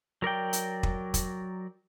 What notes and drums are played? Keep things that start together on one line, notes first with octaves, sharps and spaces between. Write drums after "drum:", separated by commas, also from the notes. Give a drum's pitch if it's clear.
F#3 A#4 D5 G5
drum: hi-hat
drum: kick
drum: kick, hi-hat